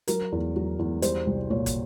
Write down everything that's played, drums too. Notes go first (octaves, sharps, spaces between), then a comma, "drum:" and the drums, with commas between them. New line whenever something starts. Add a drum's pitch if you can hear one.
F#3 A#4, drum: hi-hat
E2
F#3
E2
G3 C5, drum: hi-hat
C2
A#2 C#5
drum: kick, hi-hat